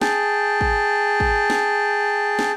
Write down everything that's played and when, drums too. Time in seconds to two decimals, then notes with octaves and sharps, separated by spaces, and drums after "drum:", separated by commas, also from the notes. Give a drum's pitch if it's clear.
0.01 G#4 G5 A5, drum: snare
0.61 drum: kick
1.20 drum: kick
1.50 drum: snare
2.39 drum: snare